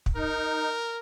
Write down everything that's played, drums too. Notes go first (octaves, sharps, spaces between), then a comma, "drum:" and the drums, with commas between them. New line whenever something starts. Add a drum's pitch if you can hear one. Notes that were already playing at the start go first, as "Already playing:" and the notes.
drum: kick
D#4 A#4